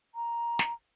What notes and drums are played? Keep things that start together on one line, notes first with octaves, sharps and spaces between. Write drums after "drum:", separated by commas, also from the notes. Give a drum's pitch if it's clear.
A#5
drum: snare